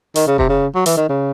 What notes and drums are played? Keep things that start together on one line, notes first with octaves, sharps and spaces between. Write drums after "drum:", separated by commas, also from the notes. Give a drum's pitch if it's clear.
D#3, drum: hi-hat
C#3
C3, drum: kick F1
C#3
F#3
E3, drum: hi-hat
D#3
C#3